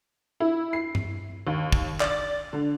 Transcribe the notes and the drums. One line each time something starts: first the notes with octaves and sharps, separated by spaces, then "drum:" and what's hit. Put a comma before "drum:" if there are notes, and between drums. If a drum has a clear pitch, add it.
E4
C7
drum: tom G2
D#2
drum: kick
D5, drum: clap
D3